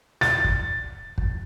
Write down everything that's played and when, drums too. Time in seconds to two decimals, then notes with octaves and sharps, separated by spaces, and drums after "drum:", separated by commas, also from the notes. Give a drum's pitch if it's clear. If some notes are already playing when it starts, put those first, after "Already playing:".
0.21 A6, drum: snare
0.44 drum: kick
1.18 drum: kick